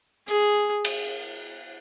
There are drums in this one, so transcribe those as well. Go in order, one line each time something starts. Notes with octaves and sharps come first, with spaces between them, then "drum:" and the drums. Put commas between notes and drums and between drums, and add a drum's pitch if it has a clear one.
G#4, drum: hi-hat
drum: cymbal